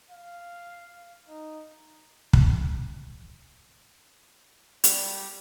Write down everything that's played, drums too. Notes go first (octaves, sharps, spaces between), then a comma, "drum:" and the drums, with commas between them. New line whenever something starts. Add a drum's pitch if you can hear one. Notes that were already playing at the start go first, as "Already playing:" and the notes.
F5
D#4
drum: kick
G3, drum: hi-hat